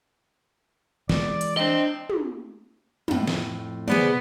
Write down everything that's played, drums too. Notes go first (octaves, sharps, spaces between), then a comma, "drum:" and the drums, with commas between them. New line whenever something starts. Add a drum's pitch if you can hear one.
E3 G#3 D5, drum: snare
drum: hi-hat
C4 D4 D#5
drum: tom
F2 A2, drum: tom
drum: snare
B3 G#4 C5 D5, drum: tom